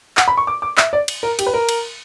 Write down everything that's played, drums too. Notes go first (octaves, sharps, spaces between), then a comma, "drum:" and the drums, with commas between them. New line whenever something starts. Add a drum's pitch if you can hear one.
F#5, drum: clap
B5
C#6
D6
D6
E5, drum: clap
D5
drum: cymbal
A#4
G4, drum: cymbal
B4
A#4
drum: cymbal